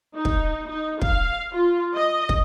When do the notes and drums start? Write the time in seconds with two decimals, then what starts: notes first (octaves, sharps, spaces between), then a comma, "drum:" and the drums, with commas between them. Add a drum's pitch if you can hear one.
0.15 D#4
0.25 drum: kick
0.67 D#4
1.02 F5, drum: kick
1.52 F4
1.96 D#5
2.29 drum: kick